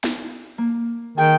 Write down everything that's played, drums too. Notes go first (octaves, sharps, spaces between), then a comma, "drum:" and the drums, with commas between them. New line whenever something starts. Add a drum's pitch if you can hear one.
drum: snare
A#3
D#3 G#4 G5 G#5